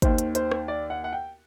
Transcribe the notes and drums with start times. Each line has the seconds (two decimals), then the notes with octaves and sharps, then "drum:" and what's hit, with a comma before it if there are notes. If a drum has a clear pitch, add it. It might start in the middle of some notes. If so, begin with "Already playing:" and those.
0.02 D#2 D#3 C5, drum: kick, hi-hat
0.18 drum: hi-hat
0.35 C5, drum: hi-hat
0.51 drum: rim click
0.68 D5
0.90 F#5
1.04 F#5
1.13 G5